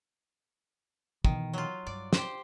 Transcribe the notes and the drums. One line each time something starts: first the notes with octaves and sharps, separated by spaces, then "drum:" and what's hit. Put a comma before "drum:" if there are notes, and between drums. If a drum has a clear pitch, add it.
B2 D#3 E3, drum: kick
F#3 F4
G2 D5
G4 C5, drum: snare